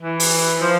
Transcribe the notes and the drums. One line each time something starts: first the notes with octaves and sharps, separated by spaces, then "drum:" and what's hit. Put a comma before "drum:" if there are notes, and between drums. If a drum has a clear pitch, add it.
E3
drum: open hi-hat
F3